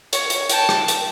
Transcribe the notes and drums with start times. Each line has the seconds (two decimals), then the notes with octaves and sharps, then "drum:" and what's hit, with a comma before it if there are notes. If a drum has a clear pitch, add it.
0.13 C#5, drum: hi-hat
0.30 drum: hi-hat
0.49 G5 A5, drum: hi-hat
0.69 drum: rim click
0.88 drum: hi-hat